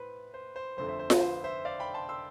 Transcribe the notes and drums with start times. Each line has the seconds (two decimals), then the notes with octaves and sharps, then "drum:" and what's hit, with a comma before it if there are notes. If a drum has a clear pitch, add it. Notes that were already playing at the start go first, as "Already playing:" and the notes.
Already playing: A2 B4 C5
0.34 C5
0.56 C5
0.77 G1 F2 D3 A3 C5
0.88 C5 E5
0.99 C5
1.10 B4, drum: snare F4
1.21 C5
1.44 C5 E5
1.65 D5 F5
1.80 G5 B5
1.94 A5 C6
2.09 C6 E6